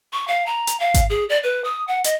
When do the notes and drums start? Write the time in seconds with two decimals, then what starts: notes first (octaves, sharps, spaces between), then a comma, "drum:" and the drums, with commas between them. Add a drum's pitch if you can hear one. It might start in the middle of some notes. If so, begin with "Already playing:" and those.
0.13 C#6
0.28 F5
0.46 A#5
0.67 drum: hi-hat
0.80 F5
0.94 drum: kick G#1, hi-hat
1.10 G#4
1.30 D5
1.43 B4
1.65 D#6
1.88 F#5
2.04 D#5, drum: hi-hat